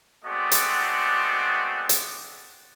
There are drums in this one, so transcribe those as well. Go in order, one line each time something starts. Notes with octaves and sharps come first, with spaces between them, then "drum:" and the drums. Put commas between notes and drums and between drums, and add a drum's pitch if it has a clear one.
G#3 A3 B3 C4 F#4 D5
drum: hi-hat
drum: hi-hat